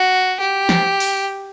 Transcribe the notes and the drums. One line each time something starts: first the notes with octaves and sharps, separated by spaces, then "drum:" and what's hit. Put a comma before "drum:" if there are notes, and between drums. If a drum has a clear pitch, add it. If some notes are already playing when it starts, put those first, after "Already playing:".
Already playing: F#4
G4
drum: snare
drum: open hi-hat